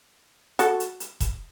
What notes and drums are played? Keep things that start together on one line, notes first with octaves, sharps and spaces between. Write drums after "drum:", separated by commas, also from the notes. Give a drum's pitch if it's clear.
F#4 A4, drum: hi-hat
drum: hi-hat
drum: hi-hat
drum: kick E1, hi-hat